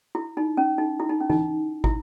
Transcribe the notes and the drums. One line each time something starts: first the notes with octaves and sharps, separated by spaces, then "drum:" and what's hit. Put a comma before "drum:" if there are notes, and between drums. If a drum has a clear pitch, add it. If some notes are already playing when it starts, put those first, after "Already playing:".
E4
D#4
C#4
D#4
E4
D#4
C#4
D#4, drum: tom E3
E4, drum: kick